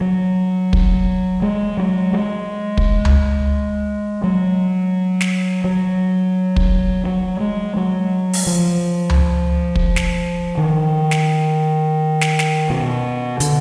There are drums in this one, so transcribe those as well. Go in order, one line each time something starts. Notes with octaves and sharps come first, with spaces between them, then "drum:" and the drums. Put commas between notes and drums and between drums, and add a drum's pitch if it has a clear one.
F#3
drum: kick
G#3
F#3
G#3
drum: kick
drum: tom C#2
F#3
drum: snare
F#3
drum: kick
F#3
G#3
F#3
drum: open hi-hat
F3
drum: tom C#2
drum: kick
drum: snare
D#3
drum: snare
drum: snare
drum: snare
B2
D3, drum: hi-hat